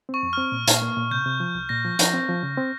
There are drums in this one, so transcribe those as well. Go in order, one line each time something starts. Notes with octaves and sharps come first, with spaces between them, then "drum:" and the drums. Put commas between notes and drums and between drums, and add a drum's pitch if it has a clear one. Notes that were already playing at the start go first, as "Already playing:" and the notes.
C4 C#6
F2
C4 F6
A#2
A#2, drum: hi-hat
A#3
A#2
C3 G6
C3
F3
C2
A#2 A#6
F3
F3, drum: hi-hat
C4
F3
C#3
C4